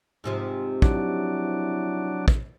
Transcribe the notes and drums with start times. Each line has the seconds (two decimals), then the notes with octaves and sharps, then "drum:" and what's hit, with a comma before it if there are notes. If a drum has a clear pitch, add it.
0.24 G#2 C3 F3
0.82 F#3 D4 E4, drum: kick
2.28 drum: kick